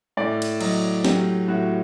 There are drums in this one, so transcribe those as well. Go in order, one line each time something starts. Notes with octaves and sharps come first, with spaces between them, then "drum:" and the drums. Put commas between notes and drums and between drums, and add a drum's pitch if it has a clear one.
A2 D5
drum: cymbal
F#3 D#5, drum: cymbal
F#3 G4, drum: snare
A2 F#4